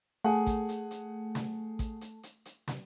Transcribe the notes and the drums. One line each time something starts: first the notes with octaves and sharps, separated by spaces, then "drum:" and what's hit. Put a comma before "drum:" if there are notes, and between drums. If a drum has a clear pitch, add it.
A3 G#4 F#5
drum: kick A1, hi-hat
drum: hi-hat
drum: hi-hat
drum: snare
drum: kick A1, hi-hat
drum: hi-hat
drum: hi-hat
drum: hi-hat
drum: snare